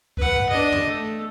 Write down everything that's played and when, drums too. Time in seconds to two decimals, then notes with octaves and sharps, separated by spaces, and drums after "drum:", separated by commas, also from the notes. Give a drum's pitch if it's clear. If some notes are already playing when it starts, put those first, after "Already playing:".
0.17 B4 F#5, drum: kick C#2
0.36 drum: tom
0.49 D4 D#5
0.72 drum: tom
0.87 A3